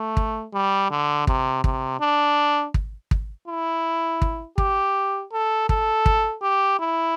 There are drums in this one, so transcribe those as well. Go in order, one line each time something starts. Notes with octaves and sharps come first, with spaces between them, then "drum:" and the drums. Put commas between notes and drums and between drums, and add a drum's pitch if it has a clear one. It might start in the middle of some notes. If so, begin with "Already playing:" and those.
Already playing: A3
drum: kick
G3
D3
C3, drum: kick
C3, drum: kick
D4
drum: kick
drum: kick
E4
drum: kick
G4, drum: kick
A4
A4, drum: kick
drum: kick
G4
E4